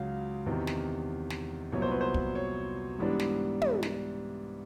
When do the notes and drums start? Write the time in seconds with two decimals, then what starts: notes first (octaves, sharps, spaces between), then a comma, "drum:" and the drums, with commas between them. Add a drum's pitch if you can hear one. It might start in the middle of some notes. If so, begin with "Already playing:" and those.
Already playing: C#2 C#3 F#3 F5
0.46 E2 C3 D#3
0.67 drum: snare
1.30 drum: snare
1.72 C2 A#2 F#3 B3 C#5
1.82 C5
1.91 B4
2.01 C5
2.14 drum: kick
2.35 C#5
2.99 G#2 E3 G3 B3 D4
3.19 drum: snare
3.62 drum: tom
3.83 drum: snare